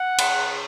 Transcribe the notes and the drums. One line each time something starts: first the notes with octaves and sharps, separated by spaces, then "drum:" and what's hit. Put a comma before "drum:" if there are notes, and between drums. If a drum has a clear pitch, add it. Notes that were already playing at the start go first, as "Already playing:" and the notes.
Already playing: F#5
C#3, drum: cymbal